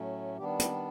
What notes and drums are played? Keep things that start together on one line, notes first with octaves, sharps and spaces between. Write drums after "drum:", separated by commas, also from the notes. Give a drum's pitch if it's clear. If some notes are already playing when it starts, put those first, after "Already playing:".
Already playing: A2 F#3 A3 C#4
D#3 G3 B3 D4 G4
E4, drum: hi-hat